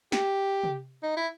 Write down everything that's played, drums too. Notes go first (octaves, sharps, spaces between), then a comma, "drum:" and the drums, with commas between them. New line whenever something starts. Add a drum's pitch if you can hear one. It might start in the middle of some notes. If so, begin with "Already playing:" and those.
G4, drum: snare
drum: tom C3
D#4
E4